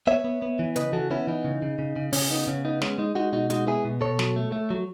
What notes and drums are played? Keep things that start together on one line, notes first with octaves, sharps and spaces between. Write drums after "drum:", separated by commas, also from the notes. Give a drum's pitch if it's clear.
B3 C#5 E5
B3
B3
E3
C#3 B4 D#5, drum: hi-hat
E3 F#4 A4
B3 C#4 E4
E3 D#4
C#3
C#3
C#3
C#3
C#3 C#4, drum: open hi-hat
B3 D#4
C#3 C#4
B3 D#4
G#3 C#4, drum: snare
G#3 D#4
G#3 D#4 F#4
B2 D#4 F#4
G#3 D#4 F#4, drum: hi-hat
B3 E4 G#4
B2
B2 A4 C#5
F#3, drum: snare
A3
A3
F#3